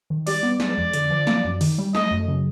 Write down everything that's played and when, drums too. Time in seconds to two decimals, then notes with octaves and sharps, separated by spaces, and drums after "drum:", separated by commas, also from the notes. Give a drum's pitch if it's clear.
0.10 D#3
0.27 G3 D5, drum: open hi-hat
0.43 B3
0.60 G#3 D5, drum: snare
0.78 F2
0.93 D3, drum: hi-hat
1.10 F3
1.27 A#3, drum: snare
1.45 F#2
1.61 D#3, drum: open hi-hat
1.78 G3
1.95 A3 D#5, drum: snare
2.11 F#2
2.28 C#3